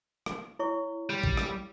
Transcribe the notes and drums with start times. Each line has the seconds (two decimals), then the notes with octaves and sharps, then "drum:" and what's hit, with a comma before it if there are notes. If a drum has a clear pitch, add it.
0.26 drum: rim click
0.59 E4 C#5 C#6
1.10 G3
1.24 drum: kick A1
1.37 drum: rim click